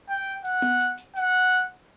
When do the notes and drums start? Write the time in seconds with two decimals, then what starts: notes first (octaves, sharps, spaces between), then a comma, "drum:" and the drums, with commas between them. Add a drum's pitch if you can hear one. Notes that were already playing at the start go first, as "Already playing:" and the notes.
0.09 G5
0.44 F#5, drum: open hi-hat
0.62 drum: tom B3
0.80 drum: hi-hat
0.97 drum: hi-hat
1.16 F#5, drum: hi-hat
1.50 drum: hi-hat